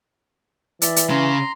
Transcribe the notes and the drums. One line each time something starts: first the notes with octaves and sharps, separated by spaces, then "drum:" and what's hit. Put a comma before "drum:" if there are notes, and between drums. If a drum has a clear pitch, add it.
E3 D5 E5, drum: hi-hat
drum: hi-hat
C#3 A#5 C6